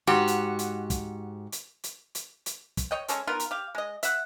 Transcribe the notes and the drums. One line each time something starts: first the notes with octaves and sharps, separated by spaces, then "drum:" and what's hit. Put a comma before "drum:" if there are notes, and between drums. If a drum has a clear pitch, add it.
G#2 F#4 G4
drum: hi-hat
drum: hi-hat
drum: kick, hi-hat
drum: hi-hat
drum: hi-hat
drum: hi-hat
drum: hi-hat
drum: kick, hi-hat
C#5 D#5 G5
G#3 C#4 A4 C#5, drum: hi-hat
B3 D#4 F4 A#4
drum: hi-hat
G4 F5
G#3 D#5
E5 F#5, drum: hi-hat